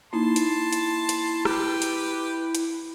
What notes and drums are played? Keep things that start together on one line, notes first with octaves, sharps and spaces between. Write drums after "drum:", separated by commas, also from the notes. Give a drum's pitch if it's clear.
A#3 D#4 E4 A5 C6
drum: hi-hat
drum: hi-hat
drum: hi-hat
G4 B4, drum: rim click
drum: hi-hat
drum: hi-hat